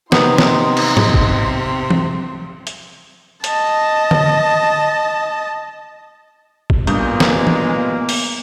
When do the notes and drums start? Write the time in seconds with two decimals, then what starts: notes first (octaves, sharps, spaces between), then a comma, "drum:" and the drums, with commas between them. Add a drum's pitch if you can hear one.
0.12 C3 B3 D#4 C6, drum: snare
0.38 drum: snare
0.77 drum: cymbal
0.97 drum: tom G#2
1.14 drum: kick
1.91 drum: tom E3
2.67 drum: hi-hat
3.44 D#5 A5, drum: hi-hat
4.11 drum: tom D3
6.70 drum: kick
6.87 B1 G2 A#2 G#3 A#3 B3 D#6 G6, drum: hi-hat
7.20 drum: snare
7.47 drum: tom E3
8.09 drum: open hi-hat